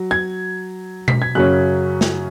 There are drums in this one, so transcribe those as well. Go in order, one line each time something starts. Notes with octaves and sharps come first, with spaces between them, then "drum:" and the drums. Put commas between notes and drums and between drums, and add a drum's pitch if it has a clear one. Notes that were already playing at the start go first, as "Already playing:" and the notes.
Already playing: F#3
G#6
B6, drum: tom B2
G#6
F#2 C#3 F#3 C#4 F#6
drum: snare